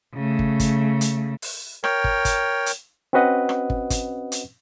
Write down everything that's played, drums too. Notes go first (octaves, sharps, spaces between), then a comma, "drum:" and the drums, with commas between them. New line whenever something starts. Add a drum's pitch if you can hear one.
C#3 A3
drum: kick
drum: kick, hi-hat
drum: hi-hat
drum: open hi-hat
A#4 C#5 G5, drum: rim click
drum: kick
drum: kick, hi-hat
drum: hi-hat
C4 C#4 F#4 B4 D#5 F#5
drum: rim click
drum: kick
drum: kick, hi-hat
drum: hi-hat